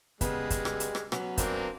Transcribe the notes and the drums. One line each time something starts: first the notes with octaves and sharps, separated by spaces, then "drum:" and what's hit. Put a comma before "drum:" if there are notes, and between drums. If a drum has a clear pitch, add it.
C#3 G3 G#3 B3, drum: kick, hi-hat
drum: kick, hi-hat
drum: rim click
drum: hi-hat
drum: rim click
F#3 B3 C#4, drum: rim click
A#3 C4 D4, drum: kick, hi-hat